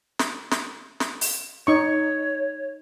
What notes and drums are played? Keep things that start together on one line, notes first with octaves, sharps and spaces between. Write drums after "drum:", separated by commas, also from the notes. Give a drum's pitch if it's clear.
drum: snare
drum: snare
drum: snare
drum: open hi-hat
D#4 C#5 C#6